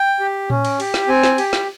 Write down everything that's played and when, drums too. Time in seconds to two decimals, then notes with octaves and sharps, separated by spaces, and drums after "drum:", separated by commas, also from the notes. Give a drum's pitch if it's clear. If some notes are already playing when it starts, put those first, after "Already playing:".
Already playing: G5
0.20 G4
0.50 C#4, drum: tom A2
0.65 drum: cymbal
0.80 G4, drum: cymbal
0.94 drum: snare
1.08 C4 G#5
1.23 drum: snare
1.38 G4, drum: cymbal
1.53 drum: snare